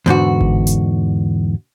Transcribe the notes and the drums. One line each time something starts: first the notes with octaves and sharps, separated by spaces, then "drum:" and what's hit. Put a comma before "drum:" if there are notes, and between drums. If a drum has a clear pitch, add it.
E2 G#2 D3 F#4
drum: kick G1
drum: hi-hat